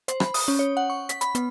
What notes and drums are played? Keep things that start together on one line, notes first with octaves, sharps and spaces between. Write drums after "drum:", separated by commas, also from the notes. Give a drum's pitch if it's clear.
C5, drum: hi-hat
B5, drum: rim click
D#6, drum: open hi-hat
C#4
C#5
F#5
C#6
B6, drum: hi-hat
B5, drum: hi-hat
B3, drum: hi-hat